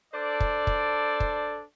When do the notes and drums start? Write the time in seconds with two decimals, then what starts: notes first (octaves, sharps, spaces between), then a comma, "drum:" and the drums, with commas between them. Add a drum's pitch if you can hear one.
0.14 D4 A4 C5 D5
0.40 drum: kick
0.67 drum: kick
1.20 drum: kick